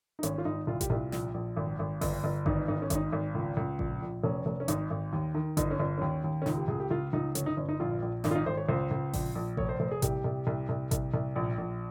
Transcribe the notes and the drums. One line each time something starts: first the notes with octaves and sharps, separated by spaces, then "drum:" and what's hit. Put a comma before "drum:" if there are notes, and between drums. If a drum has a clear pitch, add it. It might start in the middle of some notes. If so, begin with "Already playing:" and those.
D#4
G#1 C#4, drum: hi-hat
F4
G#1 D#4
C2 F4
G4, drum: kick A1, hi-hat
C2 F4
A#1, drum: snare
A#1
G#1
G#1
G1, drum: kick A1, open hi-hat
G1
G#1 D#4, drum: kick A1
G#1 D#4
C#4
G#1 D#4, drum: kick A1, hi-hat
G#1
C#2
C#2
A#1, drum: kick A1
A#1
F1 C#4
F1
C#4
G#1 D#4, drum: hi-hat
G#1
D#2
D#3
G1 D#4, drum: kick A1, hi-hat
C#4
G1
D#2 C#4
D#2
C#4
C#2 D#4, drum: snare
G4
C#2 G#4
G4
C#2 F4
C#2 D#4
G1 C#4, drum: hi-hat
D#4
G1 C#4
D#4
A#1 F4
A#1
G#1 D#4, drum: snare
F4
D#4
G#1 C5
C#5
C#2 C5
C#2
A#1, drum: kick A1, open hi-hat
A#1
F1 C#5, drum: kick A1
C5
F1 C5
G#4
C2 G4, drum: kick A1, hi-hat
C2
C2
C2
C2, drum: kick A1, hi-hat
C2
A#1
A#1